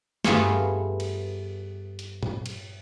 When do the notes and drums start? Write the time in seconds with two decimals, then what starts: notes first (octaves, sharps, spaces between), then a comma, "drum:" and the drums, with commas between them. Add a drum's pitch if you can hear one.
0.24 G2 A3 B3 F4 G#4 C#5, drum: snare
1.00 drum: cymbal
1.99 drum: hi-hat
2.23 drum: tom A#2
2.46 drum: cymbal